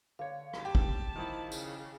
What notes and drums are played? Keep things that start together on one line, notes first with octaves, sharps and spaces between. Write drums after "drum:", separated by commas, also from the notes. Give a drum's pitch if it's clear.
D3 C#5 F5
drum: rim click
G4 A5
drum: kick
D#3 F3 E4
C#3, drum: tambourine